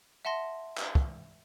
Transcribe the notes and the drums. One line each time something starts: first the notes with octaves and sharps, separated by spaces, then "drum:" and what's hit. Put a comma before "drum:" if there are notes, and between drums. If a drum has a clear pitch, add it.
E5 F#5 A5 C6 A#6
drum: clap
drum: kick